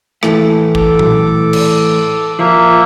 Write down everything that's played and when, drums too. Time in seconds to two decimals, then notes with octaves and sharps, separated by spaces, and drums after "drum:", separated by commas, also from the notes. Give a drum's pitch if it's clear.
0.23 A2 E3 A3, drum: rim click
0.75 A4 D6, drum: kick
0.99 drum: tom A#2
1.53 drum: cymbal
2.39 F3 A#3 E5